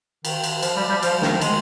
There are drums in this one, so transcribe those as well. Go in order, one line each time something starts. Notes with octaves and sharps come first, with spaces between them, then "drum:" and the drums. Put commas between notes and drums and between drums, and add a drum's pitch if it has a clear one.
D#3, drum: cymbal
drum: cymbal
F3, drum: cymbal
G3
G3
F3, drum: cymbal
D#3, drum: snare
G#3, drum: cymbal